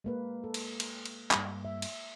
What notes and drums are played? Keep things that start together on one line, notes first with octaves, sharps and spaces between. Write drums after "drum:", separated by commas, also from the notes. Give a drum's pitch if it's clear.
G#3 A#3 B4
A4
drum: cymbal
drum: cymbal
drum: cymbal
G2 G3 A#3, drum: clap
E5
drum: cymbal